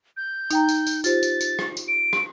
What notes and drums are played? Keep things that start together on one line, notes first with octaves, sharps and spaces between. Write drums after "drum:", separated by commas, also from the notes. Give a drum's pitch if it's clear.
G6
D#4 G5 A#5, drum: tambourine
drum: tambourine
drum: tambourine
F4 G4 C5 A6, drum: tambourine
drum: tambourine
drum: tambourine
drum: rim click
drum: tambourine
D7
drum: rim click